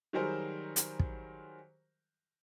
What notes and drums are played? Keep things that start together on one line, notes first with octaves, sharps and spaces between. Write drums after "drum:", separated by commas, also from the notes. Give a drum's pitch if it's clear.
D#3 F#3 G3 G#4 A#4 C5
drum: hi-hat
drum: kick